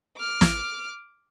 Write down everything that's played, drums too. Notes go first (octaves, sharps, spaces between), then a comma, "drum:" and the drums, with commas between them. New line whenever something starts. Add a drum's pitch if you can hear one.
D6 F6
drum: snare